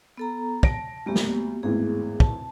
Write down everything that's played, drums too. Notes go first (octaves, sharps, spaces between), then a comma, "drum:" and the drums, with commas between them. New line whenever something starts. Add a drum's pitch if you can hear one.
B3 A4 A#5
A5 A#6 D7, drum: kick
D2 G3 A#3 B3 G4
drum: snare
G#1 E2 A2 G#4
A5, drum: kick